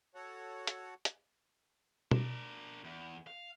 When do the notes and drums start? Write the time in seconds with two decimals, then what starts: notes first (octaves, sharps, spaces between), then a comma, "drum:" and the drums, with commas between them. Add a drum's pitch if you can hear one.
0.15 F#4 A4 C#5 F#5
0.67 drum: hi-hat
1.05 drum: hi-hat
2.11 D4 A#4, drum: tom
2.84 E2
3.27 F5